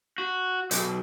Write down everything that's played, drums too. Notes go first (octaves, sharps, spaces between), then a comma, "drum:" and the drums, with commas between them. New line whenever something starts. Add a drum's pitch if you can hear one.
F#4
B1, drum: hi-hat